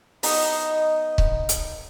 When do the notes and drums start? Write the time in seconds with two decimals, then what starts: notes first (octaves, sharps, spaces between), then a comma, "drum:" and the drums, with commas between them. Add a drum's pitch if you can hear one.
0.23 B3 D#4, drum: open hi-hat
1.18 drum: kick C#1
1.49 drum: hi-hat